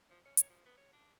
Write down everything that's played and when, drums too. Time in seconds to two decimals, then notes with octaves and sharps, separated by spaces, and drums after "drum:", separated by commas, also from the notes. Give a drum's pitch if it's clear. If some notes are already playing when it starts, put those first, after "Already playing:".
0.11 F3
0.25 C#4
0.37 C#5, drum: hi-hat
0.50 F3
0.66 B3
0.78 C#5
0.93 D4